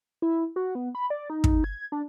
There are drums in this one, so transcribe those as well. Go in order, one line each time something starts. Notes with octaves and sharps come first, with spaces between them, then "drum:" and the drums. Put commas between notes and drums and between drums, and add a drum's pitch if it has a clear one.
E4
F#4
B3
B5
D5
D#4
drum: kick
G#6
D4